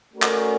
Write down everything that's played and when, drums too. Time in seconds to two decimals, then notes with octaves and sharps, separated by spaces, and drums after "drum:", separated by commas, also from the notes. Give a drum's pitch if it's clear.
0.13 A3 C#4 F#4 A#4 D5
0.22 drum: clap